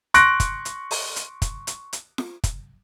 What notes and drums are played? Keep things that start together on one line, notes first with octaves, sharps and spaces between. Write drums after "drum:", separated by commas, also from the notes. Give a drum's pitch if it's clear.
C6 C#6 F#6 A#6 D7, drum: hi-hat
drum: kick, hi-hat
drum: hi-hat
drum: open hi-hat
drum: hi-hat
drum: kick, hi-hat
drum: hi-hat
drum: hi-hat
drum: snare F4
drum: kick, hi-hat